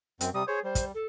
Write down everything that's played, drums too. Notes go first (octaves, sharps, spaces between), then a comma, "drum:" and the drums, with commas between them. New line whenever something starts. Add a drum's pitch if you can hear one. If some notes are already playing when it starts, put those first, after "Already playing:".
F#2 C4, drum: hi-hat
C3 G3 D#6
G#4 C5 C#5
G3 C5
drum: kick, hi-hat
A4